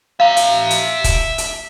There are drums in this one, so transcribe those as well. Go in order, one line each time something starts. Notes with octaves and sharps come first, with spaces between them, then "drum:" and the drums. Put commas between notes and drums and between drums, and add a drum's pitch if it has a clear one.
E5 F5 A#5
drum: hi-hat
drum: hi-hat
drum: kick, hi-hat
drum: hi-hat